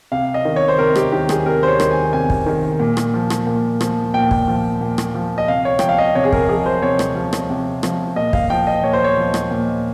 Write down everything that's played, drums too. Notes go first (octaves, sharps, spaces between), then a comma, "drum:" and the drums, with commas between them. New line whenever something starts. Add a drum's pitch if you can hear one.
C3 F5
D#5
D#3
C#5
C5
C3 A#4
G4, drum: rim click
D#3 G4
G#4, drum: rim click
C3 A#4
C5
C#5
D#3, drum: rim click
G#5
C3 G#5
drum: kick
D#3
A#2
drum: rim click
F3
drum: rim click
A#2
F3, drum: rim click
A#2 G5
drum: kick
F3
A#2
drum: rim click
F3
D#5
C3 F5
C#5
F3 G5, drum: rim click
F5
D#5
C3 C#5
G#4
A#4, drum: kick
F3 G#4
C5
C3 C#5
drum: rim click
F3
drum: rim click
C3
F3, drum: rim click
A#2 D#5
F5, drum: kick
F3 G5
D#5
A#2 C#5
C5
C#5
F3
drum: rim click
A#2